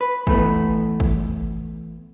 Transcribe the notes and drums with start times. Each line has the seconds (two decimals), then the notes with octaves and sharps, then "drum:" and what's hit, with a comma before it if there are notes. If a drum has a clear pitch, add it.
0.01 B4
0.27 E3 A3 B3, drum: kick
1.00 drum: kick